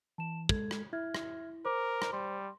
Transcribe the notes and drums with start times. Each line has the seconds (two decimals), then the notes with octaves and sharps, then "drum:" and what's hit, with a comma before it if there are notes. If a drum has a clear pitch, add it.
0.18 E3 A5 E7
0.49 G#3 A4 G#6, drum: kick
0.71 drum: rim click
0.93 E4 E5 F6 G#6
1.15 drum: rim click
1.65 A#4 C5 D6
2.02 drum: rim click
2.13 G3 C6